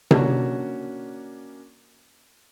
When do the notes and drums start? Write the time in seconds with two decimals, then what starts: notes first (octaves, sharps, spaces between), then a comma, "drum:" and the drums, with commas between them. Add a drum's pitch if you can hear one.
0.11 A#3 C#4 D4 F#4, drum: tom C3